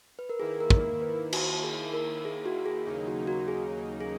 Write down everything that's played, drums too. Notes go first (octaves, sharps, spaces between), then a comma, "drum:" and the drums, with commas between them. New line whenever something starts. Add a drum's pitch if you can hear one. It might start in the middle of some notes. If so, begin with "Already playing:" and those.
B4
A#4
D#3 A#3 E4 G#4
A#4
drum: kick
A#4
B4
F#4, drum: cymbal
G#4
A#4
G#4
F#4
G#4
D#2 C#3 F#3 A#3 D#4 G#4
F#4
F#4
G#4
G#4